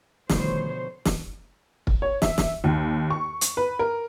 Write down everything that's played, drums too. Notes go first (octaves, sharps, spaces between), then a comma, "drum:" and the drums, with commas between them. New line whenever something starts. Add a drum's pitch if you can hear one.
B2 D3 D#3 F3 G3 A3 C5 C#5, drum: snare
drum: snare
drum: kick
C#5
E5, drum: snare
drum: snare
D#2
C#6
drum: hi-hat
B4
A#4